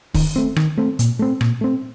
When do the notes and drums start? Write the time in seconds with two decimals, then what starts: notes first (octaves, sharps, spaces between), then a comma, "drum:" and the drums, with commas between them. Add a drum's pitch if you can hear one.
0.14 D#3, drum: kick, open hi-hat
0.36 A3 C4
0.56 D#3, drum: rim click
0.78 A3 C4
0.99 A#2, drum: hi-hat
1.19 A3 C4
1.41 A#2, drum: rim click
1.61 A3 C4